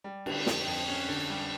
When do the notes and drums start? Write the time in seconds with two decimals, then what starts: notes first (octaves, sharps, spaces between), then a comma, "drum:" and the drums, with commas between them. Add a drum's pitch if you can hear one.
0.04 G3
0.26 D3, drum: cymbal
0.46 F2, drum: snare
0.67 F2
0.88 C#4
1.08 D3
1.30 G3